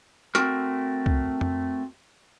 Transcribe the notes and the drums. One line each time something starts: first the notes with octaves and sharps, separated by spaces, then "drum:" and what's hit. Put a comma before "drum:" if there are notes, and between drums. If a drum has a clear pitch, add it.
A3 C4 F#4 A#4, drum: hi-hat
drum: kick C#2
drum: tom F2